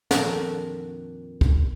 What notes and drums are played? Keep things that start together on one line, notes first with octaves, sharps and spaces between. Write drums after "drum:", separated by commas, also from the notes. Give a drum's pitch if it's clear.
F2 A#2 D#3 D4 F#4 A4, drum: snare
drum: kick